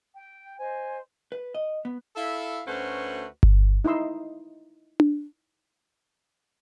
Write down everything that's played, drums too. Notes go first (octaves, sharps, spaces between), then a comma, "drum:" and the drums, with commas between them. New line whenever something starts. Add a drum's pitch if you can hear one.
G5
C5 D#5 G#5
B4
D#5
B3
E4 A4 F5
D2 A3 C#4 F#4 B4 C5
drum: kick G1
D#4 E4 D#5 C6 E6
drum: tom D4